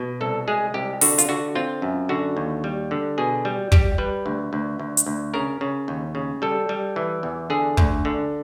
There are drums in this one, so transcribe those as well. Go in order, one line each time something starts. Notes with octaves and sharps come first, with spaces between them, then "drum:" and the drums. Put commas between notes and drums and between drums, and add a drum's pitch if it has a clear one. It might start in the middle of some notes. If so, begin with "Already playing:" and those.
Already playing: B2
C2 A4
G#3 G#4
C2 G4
D3 F#4, drum: open hi-hat
F4, drum: hi-hat
D3 F#4
C4 F4
F#2
D3 F#4
D#2
G3
D3
B2 G#4
G3
G3 G4, drum: kick
G3 B4
D2
D2
D2
drum: hi-hat
D2
C#3 A#4
C#3
D#2
C#3
G3 A4
G3
E3
E2
D3 G#4
D2, drum: kick
D3